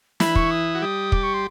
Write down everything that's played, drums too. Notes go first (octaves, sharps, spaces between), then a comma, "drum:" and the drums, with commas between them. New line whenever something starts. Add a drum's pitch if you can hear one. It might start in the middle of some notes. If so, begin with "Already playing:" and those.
E3 E4 B5, drum: snare
C#6, drum: kick
D#6
F#4
G3 G4 D#6
D6, drum: kick
C#6
C6